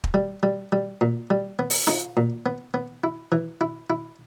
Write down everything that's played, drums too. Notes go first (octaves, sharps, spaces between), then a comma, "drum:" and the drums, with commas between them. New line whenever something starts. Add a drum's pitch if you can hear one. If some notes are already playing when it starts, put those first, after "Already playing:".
drum: kick
G3
G3
G3
A#2
G3
B3
drum: open hi-hat
D#4, drum: snare F4
A#2
B3
B3
E4
E3
E4
E4